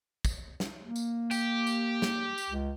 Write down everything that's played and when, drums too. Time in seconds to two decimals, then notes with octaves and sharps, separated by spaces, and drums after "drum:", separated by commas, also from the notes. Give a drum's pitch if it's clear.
0.25 drum: kick, tambourine
0.60 drum: snare
0.84 A#3
0.96 drum: tambourine
1.31 G4, drum: tambourine
1.67 drum: tambourine
2.02 drum: snare
2.38 drum: tambourine
2.49 C#2